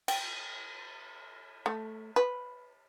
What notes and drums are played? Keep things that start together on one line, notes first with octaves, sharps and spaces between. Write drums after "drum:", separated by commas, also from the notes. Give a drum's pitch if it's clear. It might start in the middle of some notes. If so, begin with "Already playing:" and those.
G5, drum: cymbal
A3
B4